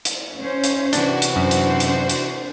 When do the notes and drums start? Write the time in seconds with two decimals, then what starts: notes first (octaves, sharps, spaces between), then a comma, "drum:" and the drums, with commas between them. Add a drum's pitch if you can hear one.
0.05 drum: hi-hat
0.39 C#4 C5
0.64 drum: hi-hat
0.93 C3 E3 D4 F#4, drum: hi-hat
1.22 drum: hi-hat
1.36 F#2 D4 C5
1.51 drum: hi-hat
1.80 drum: hi-hat
2.09 drum: hi-hat